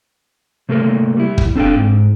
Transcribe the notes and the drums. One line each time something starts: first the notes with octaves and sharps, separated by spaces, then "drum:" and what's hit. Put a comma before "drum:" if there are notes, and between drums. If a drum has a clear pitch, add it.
C3 A3 A#3 A4 A#4
G3 E4
drum: kick
C4 D4 A4 B4 F5 G5
G#2